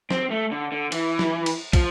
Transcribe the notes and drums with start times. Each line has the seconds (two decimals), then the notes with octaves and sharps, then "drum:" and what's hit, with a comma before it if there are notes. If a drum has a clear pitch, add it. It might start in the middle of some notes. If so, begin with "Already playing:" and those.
0.11 C4, drum: snare
0.31 A3
0.51 D3
0.72 D3
0.92 E3, drum: cymbal
1.19 drum: snare
1.46 drum: cymbal
1.73 F3, drum: kick, cymbal